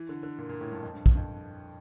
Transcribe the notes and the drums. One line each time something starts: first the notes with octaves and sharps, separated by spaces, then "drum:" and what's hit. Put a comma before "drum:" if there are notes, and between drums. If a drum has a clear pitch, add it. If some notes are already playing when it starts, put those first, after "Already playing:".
Already playing: E3
D3
D3
A#2
A#2
A2
G2
F2
G2
G2, drum: kick
F2